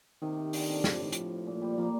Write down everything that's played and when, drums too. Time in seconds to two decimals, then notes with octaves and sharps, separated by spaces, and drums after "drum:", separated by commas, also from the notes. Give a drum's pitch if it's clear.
0.22 C3 D#3
0.38 C3
0.53 D3, drum: open hi-hat
0.69 C3
0.84 C3, drum: snare
0.93 F3
0.99 A2 D#3
1.12 F3, drum: hi-hat
1.46 A#2
1.62 G3
1.77 F3 A#3